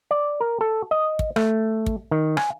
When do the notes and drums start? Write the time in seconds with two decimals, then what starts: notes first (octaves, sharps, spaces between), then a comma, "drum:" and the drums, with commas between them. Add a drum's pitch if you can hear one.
0.11 D5
0.41 A#4
0.61 A4
0.91 D#5
1.19 drum: kick
1.36 A3, drum: rim click
1.86 drum: kick
2.11 D#3
2.37 G#5, drum: rim click